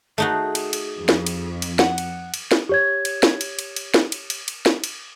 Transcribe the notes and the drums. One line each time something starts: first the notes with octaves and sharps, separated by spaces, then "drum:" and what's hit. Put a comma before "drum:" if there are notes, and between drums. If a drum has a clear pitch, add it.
A3 D#4 F#4 G#4
drum: cymbal
drum: cymbal
F2
drum: snare
drum: cymbal
drum: cymbal
F#5, drum: snare
drum: cymbal
drum: cymbal
drum: snare
G4 C#5 G#6
drum: cymbal
drum: snare
drum: cymbal
drum: cymbal
drum: cymbal
drum: snare
drum: cymbal
drum: cymbal
drum: cymbal
drum: snare
drum: cymbal